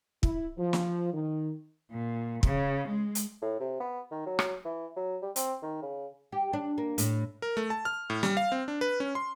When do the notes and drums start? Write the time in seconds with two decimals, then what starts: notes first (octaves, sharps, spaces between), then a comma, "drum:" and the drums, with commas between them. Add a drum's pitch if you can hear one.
0.23 E4, drum: kick
0.58 F3
0.73 drum: snare
1.14 D#3
1.92 A#2
2.43 C#3, drum: kick
2.88 G#3
3.15 drum: hi-hat
3.42 A2
3.60 C3
3.80 B3
4.11 D#3
4.26 F#3
4.39 drum: rim click
4.65 E3
4.96 F#3
5.22 G3
5.36 C4, drum: hi-hat
5.62 D#3
5.82 C#3
6.32 G4
6.53 D4
6.78 A#3
6.98 A2, drum: hi-hat
7.42 A#4
7.57 A3
7.70 A5
7.85 F6
8.10 A2
8.23 G3, drum: snare
8.37 F5
8.52 C4
8.68 D4
8.81 B4
9.00 C#4
9.15 C6